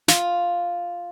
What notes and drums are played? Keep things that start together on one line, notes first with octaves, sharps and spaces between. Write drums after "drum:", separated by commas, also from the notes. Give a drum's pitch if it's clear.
F4, drum: snare